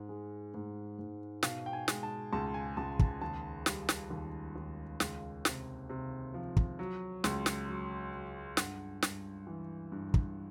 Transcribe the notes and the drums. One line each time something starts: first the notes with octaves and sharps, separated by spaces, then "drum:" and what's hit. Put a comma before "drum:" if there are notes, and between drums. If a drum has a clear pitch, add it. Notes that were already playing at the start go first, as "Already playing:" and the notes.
Already playing: G#2
G#3
G#2
G#2
B2 F5, drum: snare
G5
G#5
G#3, drum: snare
A5
C#2 A5
G#5
C#2 A5
A5, drum: kick
D#2 A5
G3, drum: snare
drum: snare
D#2
D#2
C#2 F5, drum: snare
C3, drum: snare
C3
F3
drum: kick
F#3
C#2, drum: snare
drum: snare
F#3
F#3
G2 F#5, drum: snare
G2, drum: snare
E3
G2
drum: kick